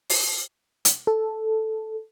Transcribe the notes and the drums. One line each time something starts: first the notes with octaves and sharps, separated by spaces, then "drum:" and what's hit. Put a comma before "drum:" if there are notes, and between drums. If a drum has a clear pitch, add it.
drum: open hi-hat
drum: hi-hat
A4